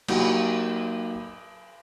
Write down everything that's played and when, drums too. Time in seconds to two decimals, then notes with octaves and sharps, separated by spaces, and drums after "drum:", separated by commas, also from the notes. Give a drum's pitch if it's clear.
0.08 F#3 A#3 D#4 F#4 G4, drum: cymbal